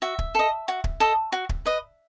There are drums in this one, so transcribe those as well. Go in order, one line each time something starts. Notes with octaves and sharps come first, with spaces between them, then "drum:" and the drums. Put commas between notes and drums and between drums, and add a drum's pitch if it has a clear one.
F#4 E5
drum: kick
A4 D#5
F#4
drum: kick
A4 D#5
F#4
drum: kick
B4 D#5